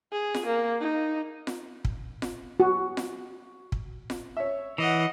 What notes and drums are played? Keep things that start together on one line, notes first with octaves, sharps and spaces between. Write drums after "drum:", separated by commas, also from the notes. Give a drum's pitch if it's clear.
G#4
drum: snare F4
A#3
D#4
drum: snare F4
drum: kick
drum: snare F4
F#4
drum: snare F4
drum: kick
drum: snare F4
C#5 E5
E3 D#5 F#5